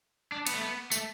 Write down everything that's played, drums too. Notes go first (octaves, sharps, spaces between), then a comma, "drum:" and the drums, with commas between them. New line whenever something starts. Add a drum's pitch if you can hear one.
D4
B3, drum: cymbal
A3
B3
A3, drum: tambourine